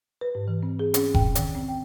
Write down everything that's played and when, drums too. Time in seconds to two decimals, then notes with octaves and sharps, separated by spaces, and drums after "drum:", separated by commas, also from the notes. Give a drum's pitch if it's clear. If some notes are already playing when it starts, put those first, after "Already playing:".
0.21 B4
0.35 G#2
0.48 E3
0.63 C4
0.79 G#4
0.94 C#4, drum: hi-hat
1.14 G5, drum: kick F1
1.35 D#3, drum: hi-hat
1.55 C4
1.68 G5